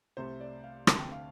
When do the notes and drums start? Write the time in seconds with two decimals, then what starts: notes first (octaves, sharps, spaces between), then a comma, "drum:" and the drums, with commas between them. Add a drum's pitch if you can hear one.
0.17 C2 C3 A3 C5
0.40 D5
0.64 F5
0.87 D2 C3 A3 A5, drum: rim click
0.99 G5
1.12 F5